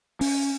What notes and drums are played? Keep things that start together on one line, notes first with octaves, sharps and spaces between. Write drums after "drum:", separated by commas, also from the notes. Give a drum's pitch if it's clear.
C#4, drum: open hi-hat